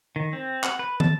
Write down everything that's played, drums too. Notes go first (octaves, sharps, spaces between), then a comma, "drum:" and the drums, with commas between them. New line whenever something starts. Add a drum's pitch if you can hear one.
D#3
C4
F#5, drum: clap
B4
A5, drum: tom